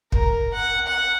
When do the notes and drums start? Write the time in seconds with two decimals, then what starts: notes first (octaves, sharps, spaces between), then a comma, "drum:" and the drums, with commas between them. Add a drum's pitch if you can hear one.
0.12 A#4, drum: kick
0.53 F#5
0.87 F#5